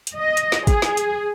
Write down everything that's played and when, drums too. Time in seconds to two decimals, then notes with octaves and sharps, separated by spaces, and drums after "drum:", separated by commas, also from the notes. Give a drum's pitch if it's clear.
0.07 drum: hi-hat
0.17 D#5
0.37 drum: hi-hat
0.52 drum: snare
0.67 G#4, drum: kick, hi-hat
0.82 drum: snare
0.97 drum: hi-hat